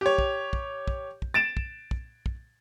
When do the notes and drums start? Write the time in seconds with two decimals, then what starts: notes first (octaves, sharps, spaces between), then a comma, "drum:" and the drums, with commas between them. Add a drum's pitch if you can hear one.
0.01 G4 C#5
0.18 drum: kick
0.53 drum: kick
0.88 drum: kick
1.22 drum: kick
1.34 A6 D7 E7
1.57 drum: kick
1.91 drum: kick
2.26 drum: kick